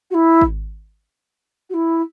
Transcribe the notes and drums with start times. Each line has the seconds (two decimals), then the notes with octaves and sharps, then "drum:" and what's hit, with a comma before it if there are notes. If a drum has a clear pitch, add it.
0.10 F#4
0.14 E4
0.41 drum: kick G#1
1.69 F#4
1.73 E4